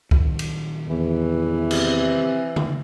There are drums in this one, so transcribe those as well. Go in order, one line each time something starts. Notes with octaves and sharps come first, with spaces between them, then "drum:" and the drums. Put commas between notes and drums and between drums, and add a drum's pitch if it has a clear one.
A#2 D#3 F#3, drum: kick C2
drum: cymbal
E2 E3
C3, drum: cymbal
drum: tom C#3